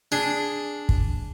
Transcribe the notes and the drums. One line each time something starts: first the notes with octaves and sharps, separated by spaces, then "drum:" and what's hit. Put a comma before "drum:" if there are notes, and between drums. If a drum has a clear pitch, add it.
D4 G#4
drum: kick